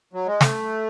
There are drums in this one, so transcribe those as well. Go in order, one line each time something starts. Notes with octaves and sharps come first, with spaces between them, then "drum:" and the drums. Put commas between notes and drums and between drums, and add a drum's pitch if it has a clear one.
F#3
G#3
A3, drum: snare